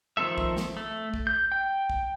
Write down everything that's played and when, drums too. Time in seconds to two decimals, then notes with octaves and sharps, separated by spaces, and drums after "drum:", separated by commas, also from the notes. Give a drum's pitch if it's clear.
0.17 D#3 F3 C4 A4 E5
0.38 drum: kick
0.57 drum: snare
0.77 A3
1.14 drum: kick
1.27 G6
1.52 G5
1.90 drum: kick